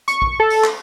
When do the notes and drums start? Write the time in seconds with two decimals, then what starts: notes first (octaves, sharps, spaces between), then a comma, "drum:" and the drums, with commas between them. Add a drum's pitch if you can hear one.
0.08 C#6, drum: hi-hat
0.22 drum: kick A#1
0.40 A4
0.50 drum: open hi-hat
0.64 drum: clap